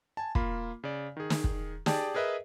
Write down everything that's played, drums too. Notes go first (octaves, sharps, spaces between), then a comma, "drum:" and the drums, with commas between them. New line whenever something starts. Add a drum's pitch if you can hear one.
G#5 A5
A#3 F4 B5, drum: kick
C#3 D5
D#3 G#4
drum: snare
drum: kick
G4 G#4 D5 G5 A5, drum: snare
G#4 A#4 B4 D#5 E5